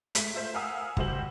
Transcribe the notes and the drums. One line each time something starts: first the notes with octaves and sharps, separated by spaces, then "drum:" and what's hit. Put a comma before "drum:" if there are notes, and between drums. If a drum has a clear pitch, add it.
G#3 A3 B6, drum: hi-hat
A3 F4 A4 C5
A#4 F5 F#5 G#5 D#6 E6
C#2 G3 F#4 G4 C5 F#7, drum: kick